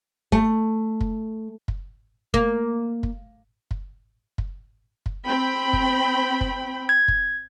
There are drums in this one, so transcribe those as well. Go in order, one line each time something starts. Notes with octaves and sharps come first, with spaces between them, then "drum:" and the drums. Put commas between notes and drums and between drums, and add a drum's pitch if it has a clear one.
A3, drum: kick
drum: kick
drum: kick
A#3, drum: kick
drum: kick
drum: kick
drum: kick
drum: kick
C4 G5 B5
drum: kick
drum: kick
G#6
drum: kick